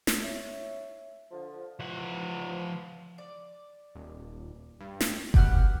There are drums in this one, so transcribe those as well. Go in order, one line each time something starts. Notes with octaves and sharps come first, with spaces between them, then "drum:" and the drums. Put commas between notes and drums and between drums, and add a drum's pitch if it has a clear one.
drum: snare
C#5 E5
D3 F3
E3 F3 F#5
D5
D#1
G2
drum: snare
B2 G4 F#5 F6, drum: kick F#1